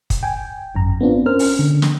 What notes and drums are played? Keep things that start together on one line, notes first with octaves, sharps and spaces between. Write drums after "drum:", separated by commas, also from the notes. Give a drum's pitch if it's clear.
drum: kick, hi-hat
G5 G#5
G#1 F#2 A#5
B3 C4 D4 F4
C#4 A#4 C5 F6
drum: open hi-hat
D3
drum: snare